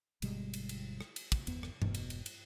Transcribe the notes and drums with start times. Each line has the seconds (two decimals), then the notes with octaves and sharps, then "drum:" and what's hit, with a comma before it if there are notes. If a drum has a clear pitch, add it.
0.22 G1 B2 G3 G#3, drum: cymbal
0.54 drum: cymbal
0.69 drum: cymbal
1.01 drum: rim click
1.16 drum: cymbal
1.32 drum: kick, cymbal
1.47 G1 E2 B3, drum: cymbal
1.63 drum: rim click
1.82 E1 B2, drum: tom G2
1.94 drum: cymbal
2.10 drum: cymbal
2.26 drum: cymbal